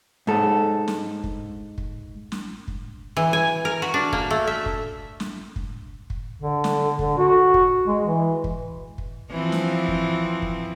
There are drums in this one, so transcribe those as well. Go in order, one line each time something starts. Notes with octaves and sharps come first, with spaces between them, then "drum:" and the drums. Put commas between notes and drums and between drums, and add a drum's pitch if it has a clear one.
G#2 A4
drum: snare
drum: kick
drum: kick
drum: snare
drum: kick
E3
G#5
A#4
F#4
D4
A#3, drum: kick
A3
E5
drum: kick
drum: snare
drum: kick
drum: kick
D3
drum: snare
D3, drum: kick
F#4
drum: kick
G#3
E3
drum: kick
drum: kick
E3 F3 C4
drum: snare
drum: kick
drum: kick